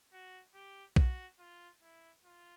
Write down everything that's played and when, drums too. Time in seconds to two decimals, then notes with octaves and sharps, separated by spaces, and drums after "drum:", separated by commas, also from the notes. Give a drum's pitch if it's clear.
0.13 F#4
0.54 G4
0.96 F#4, drum: kick B1
1.39 F4
1.82 E4
2.24 F4